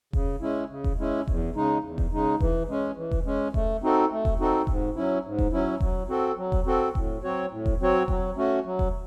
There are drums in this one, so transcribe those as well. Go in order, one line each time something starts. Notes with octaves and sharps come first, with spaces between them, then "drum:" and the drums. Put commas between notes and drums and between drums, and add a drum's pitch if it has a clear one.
C#3, drum: kick E1
G#3 C#4 E4
C#3
drum: kick E1
G#3 C#4 E4
E2, drum: kick E1
C#3 G#3 D#4
E2
drum: kick E1
C#3 G#3 D#4
E3, drum: kick E1
G#3 C#4
E3
drum: kick E1
G#3 C#4
A3, drum: kick E1
C4 D#4 F#4 A4
A3
drum: kick E1
C4 D#4 F#4 A4
G#2, drum: kick E1
F#3 C#4 E4
G#2
drum: kick E1
F#3 C#4 E4
F#3, drum: kick E1
C4 F#4 A4
F#3
drum: kick E1
C4 F#4 A4
A2, drum: kick E1
F#3 C4 F#4 C#5
A2
drum: kick E1
F#3 C4 F#4 C#5
F#3, drum: kick E1
A3 C#4 F#4
F#3
drum: kick E1